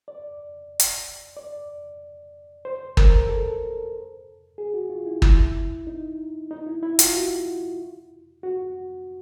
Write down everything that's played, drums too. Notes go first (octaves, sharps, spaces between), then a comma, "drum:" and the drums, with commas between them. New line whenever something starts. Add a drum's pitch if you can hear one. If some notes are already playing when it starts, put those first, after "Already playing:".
D5
drum: hi-hat
D5
C5
A#4, drum: kick
A4
G#4
F#4
F4
E4
E4, drum: kick
D#4
D#4
E4
E4
F4, drum: hi-hat
F#4
F#4